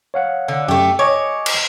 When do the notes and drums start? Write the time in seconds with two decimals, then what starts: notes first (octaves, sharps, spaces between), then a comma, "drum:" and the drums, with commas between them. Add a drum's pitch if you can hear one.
0.14 C#5 F5 F#5
0.48 D3
0.68 F#2 A3 G4
0.99 C#5 D#5 G#5 D6
1.46 drum: cymbal